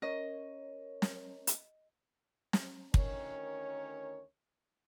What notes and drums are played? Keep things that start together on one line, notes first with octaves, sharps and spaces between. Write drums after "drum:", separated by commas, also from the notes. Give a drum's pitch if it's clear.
C#4 A#4 C#5 D#5
drum: snare
drum: hi-hat
drum: snare
D2 D#3 C#4 A#4 C#5, drum: kick